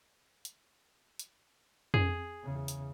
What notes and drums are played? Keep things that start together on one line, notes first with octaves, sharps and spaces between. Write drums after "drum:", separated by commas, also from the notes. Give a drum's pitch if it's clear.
drum: hi-hat
drum: hi-hat
G#4, drum: tom F2
E2 C#3
drum: hi-hat